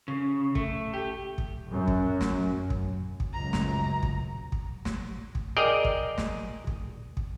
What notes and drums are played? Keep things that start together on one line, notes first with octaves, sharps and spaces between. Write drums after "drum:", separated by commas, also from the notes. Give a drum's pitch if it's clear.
C#3
A3, drum: kick
G4
drum: kick
F#2
drum: kick
drum: snare
drum: kick
drum: kick
C#2 F#2 A#5
drum: snare
drum: kick
drum: kick
drum: snare
drum: kick
G#4 A#4 D5 D#5 G5
drum: kick
drum: snare
drum: kick
drum: kick